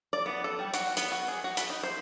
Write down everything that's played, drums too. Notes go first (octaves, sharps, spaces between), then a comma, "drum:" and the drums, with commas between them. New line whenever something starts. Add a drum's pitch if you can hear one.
D5
B3
A4
G3
F#4, drum: hi-hat
B3, drum: hi-hat
F#4
G#4
F#4
B5, drum: hi-hat
D#4
C5